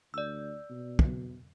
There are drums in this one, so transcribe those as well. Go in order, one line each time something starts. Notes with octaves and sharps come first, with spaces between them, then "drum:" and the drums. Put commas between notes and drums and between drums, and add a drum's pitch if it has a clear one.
D2 D5 E6
B2
drum: kick